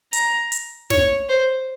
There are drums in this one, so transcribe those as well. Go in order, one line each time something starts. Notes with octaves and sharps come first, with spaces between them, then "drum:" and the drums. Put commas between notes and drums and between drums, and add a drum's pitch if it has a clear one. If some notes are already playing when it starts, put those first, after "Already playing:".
A#5, drum: hi-hat
drum: hi-hat
C#5, drum: snare
C5